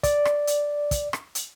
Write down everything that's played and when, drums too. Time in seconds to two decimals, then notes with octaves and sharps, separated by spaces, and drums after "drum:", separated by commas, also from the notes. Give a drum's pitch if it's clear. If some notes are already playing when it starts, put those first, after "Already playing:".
0.03 D5, drum: kick, hi-hat
0.25 drum: rim click
0.47 drum: hi-hat
0.91 drum: kick, hi-hat
1.13 drum: rim click
1.35 drum: hi-hat